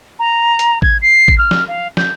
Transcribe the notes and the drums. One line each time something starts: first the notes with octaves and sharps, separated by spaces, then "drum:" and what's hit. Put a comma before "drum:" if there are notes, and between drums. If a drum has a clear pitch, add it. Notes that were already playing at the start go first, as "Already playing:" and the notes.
A#5
drum: hi-hat
G#6, drum: kick A1
C7
drum: kick A1
F6
drum: snare
F5
G6, drum: snare